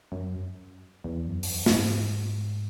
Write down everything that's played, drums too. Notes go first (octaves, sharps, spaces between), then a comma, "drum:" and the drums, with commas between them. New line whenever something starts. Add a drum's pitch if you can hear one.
F#2
E2
F#2
E2, drum: open hi-hat
F#2
A2, drum: snare
G#2